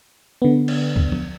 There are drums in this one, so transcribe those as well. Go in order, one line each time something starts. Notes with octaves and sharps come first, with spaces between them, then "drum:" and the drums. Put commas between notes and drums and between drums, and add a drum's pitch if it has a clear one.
D3 B3
drum: cymbal
drum: kick C#2
drum: tom F3